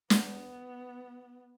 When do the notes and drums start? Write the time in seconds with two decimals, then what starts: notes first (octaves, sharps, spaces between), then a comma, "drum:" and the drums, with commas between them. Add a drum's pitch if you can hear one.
0.10 B3, drum: snare